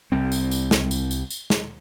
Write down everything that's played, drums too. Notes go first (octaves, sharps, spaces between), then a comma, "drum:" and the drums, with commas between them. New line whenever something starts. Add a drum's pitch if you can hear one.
C2 G3 C4
drum: tambourine
drum: tambourine
drum: snare
drum: tambourine
drum: tambourine
drum: tambourine
drum: snare